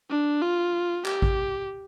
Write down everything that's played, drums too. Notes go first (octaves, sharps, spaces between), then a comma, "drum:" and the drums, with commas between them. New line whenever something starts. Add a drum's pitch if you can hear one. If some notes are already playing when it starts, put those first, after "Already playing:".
D4
F4
G4, drum: clap
drum: kick A1